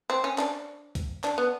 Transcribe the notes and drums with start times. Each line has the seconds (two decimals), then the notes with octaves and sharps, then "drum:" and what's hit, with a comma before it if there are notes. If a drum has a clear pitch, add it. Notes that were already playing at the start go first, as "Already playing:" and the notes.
0.10 C4
0.24 C#4
0.38 D4, drum: clap
0.95 drum: kick, hi-hat
1.24 D4, drum: clap
1.38 B3